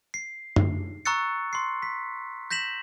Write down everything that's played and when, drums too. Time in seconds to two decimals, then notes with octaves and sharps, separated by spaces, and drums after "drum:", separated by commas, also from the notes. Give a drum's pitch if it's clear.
0.14 C7
0.56 drum: tom
1.05 A#5 C#6 E6 F#6 A6 C#7
1.53 C6 C7
1.82 B6
2.50 G6 A#6 B6 E7 F#7